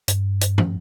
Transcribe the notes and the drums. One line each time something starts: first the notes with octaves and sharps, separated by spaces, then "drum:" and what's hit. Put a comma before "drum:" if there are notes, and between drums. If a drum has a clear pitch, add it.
G2, drum: hi-hat
drum: hi-hat
drum: tom